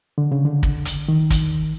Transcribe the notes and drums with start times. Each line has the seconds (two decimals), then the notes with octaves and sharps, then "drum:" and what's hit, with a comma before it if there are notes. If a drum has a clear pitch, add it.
0.18 D3
0.32 C#3
0.45 D3
0.63 drum: kick
0.85 drum: hi-hat
1.08 D#3
1.30 drum: kick, hi-hat